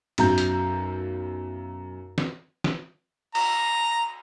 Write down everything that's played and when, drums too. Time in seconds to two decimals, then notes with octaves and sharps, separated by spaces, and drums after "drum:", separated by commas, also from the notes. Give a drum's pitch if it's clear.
0.18 B1 F#2 A#5 G6, drum: cymbal
0.38 drum: hi-hat
2.18 drum: snare
2.64 drum: snare
3.35 A#5, drum: cymbal